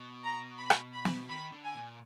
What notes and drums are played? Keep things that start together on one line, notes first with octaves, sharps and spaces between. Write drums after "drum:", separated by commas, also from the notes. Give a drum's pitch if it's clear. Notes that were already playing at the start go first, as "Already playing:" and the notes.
Already playing: B2
A#5
B5
drum: rim click
B5
drum: snare
D#3 B5
D3
G#5
A#2